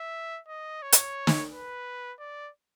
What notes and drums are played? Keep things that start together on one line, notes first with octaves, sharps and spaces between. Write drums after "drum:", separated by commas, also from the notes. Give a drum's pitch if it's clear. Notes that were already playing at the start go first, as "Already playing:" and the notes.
Already playing: E5
D#5
C#5
drum: hi-hat
drum: snare
B4
D5